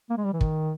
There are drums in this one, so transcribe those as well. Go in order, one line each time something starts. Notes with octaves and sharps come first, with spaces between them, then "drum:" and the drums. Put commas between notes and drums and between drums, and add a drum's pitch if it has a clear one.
A#3
G#3
G3
E3
D#3, drum: kick